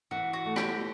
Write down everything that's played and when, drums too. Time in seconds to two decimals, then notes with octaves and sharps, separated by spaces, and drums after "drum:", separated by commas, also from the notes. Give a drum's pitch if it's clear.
0.11 E3 F#4
0.33 F#4
0.45 A3
0.56 G4, drum: rim click